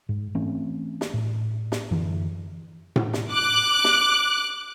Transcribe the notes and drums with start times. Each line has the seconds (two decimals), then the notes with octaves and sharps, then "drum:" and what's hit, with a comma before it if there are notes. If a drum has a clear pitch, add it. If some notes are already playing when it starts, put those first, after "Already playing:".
0.09 G#2
0.35 E3 A3 C4 C#4
1.01 drum: snare
1.14 A2
1.72 drum: snare
1.91 F#2 D3 E3
2.96 drum: tom A2
3.13 drum: snare
3.31 D6 F#6
3.84 drum: snare